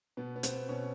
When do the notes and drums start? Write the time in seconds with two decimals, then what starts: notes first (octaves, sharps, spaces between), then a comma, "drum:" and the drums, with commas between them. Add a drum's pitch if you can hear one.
0.17 B2 B3
0.36 B3
0.43 C4, drum: hi-hat
0.69 B2 C#4